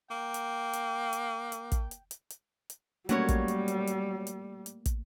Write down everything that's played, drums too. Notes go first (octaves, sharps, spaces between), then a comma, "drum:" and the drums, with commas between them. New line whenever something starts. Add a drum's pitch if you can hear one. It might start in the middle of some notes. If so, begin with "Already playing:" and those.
A#3 G5
drum: hi-hat
drum: hi-hat
drum: hi-hat
drum: hi-hat
drum: kick, hi-hat
drum: hi-hat
drum: hi-hat
drum: hi-hat
drum: hi-hat
F#3 G3 A3 A#3 C#4 C#5, drum: hi-hat
drum: kick, hi-hat
drum: hi-hat
drum: hi-hat
drum: hi-hat
drum: hi-hat
drum: hi-hat
drum: kick, hi-hat